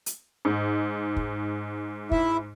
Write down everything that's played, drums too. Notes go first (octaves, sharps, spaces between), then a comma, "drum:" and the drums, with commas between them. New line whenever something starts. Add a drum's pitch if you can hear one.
drum: hi-hat
G#2
drum: kick
E4 E5, drum: kick